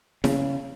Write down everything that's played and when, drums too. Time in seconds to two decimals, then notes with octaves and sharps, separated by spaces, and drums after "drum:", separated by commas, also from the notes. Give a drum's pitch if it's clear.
0.24 C#3, drum: snare E4